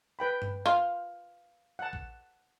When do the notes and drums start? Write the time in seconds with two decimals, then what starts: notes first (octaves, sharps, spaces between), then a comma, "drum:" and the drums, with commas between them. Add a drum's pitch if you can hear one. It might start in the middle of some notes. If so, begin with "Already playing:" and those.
0.19 B4 G5 B5
0.42 drum: tom G2
0.66 F4 F5
1.79 F#5 A5
1.93 drum: kick A1